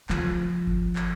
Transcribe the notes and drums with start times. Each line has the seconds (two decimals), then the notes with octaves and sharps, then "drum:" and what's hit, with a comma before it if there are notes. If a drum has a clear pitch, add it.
0.10 F3, drum: clap
0.67 drum: kick G1
0.96 drum: clap